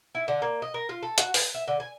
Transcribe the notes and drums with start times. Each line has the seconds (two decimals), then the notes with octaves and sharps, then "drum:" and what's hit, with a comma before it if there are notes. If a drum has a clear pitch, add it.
0.15 E4
0.28 D3
0.42 A#3
0.62 D#5
0.74 A#4
0.89 F4
1.03 A4
1.18 F#4, drum: hi-hat
1.34 B4, drum: open hi-hat
1.54 E5
1.68 D3
1.80 G#5